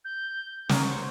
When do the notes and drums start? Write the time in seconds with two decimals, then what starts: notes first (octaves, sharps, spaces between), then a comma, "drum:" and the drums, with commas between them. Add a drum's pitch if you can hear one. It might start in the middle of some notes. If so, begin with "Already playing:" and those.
0.05 G6
0.69 D#4 A#4 G#5 C#6, drum: snare
0.89 C5